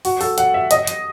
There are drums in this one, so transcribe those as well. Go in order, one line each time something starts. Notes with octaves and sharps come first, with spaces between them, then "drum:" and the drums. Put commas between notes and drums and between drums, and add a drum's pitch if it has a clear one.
F#4, drum: open hi-hat
A4, drum: open hi-hat
F#5, drum: hi-hat
E5
D#5, drum: hi-hat
drum: hi-hat